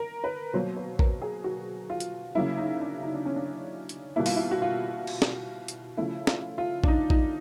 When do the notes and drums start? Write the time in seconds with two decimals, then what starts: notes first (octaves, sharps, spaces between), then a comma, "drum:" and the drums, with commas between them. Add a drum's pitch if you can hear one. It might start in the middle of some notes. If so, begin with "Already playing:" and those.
Already playing: A#4
0.24 B4
0.53 B2 F#3 A#3 C5
0.77 B4
0.99 A#4, drum: kick
1.22 G#4
1.44 F#4
1.90 F4
2.00 drum: hi-hat
2.35 C#3 F#3 A#3 E4
2.57 D#4
2.80 D4
3.03 D#4
3.14 D4
3.25 C#4
3.36 D4
3.89 drum: hi-hat
4.16 B2 G3 A#3 E4
4.26 F4, drum: open hi-hat
4.36 E4
4.51 F#4
4.62 F4
5.07 drum: cymbal
5.22 drum: snare
5.68 drum: hi-hat
5.97 C#3 F3 A3 E4
6.27 F4, drum: snare
6.58 F4
6.84 D4, drum: kick
6.88 D#4
7.10 D#4, drum: kick